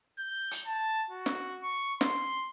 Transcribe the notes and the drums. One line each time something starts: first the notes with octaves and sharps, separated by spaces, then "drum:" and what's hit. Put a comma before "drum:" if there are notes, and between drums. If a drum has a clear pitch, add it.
G6
drum: hi-hat
A5
F#4
drum: snare
C#6
C6, drum: snare